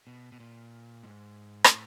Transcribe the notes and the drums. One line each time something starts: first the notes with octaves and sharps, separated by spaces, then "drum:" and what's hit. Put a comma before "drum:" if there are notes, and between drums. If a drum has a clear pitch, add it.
B2
B2
A#2
G#2
A#2, drum: rim click
A2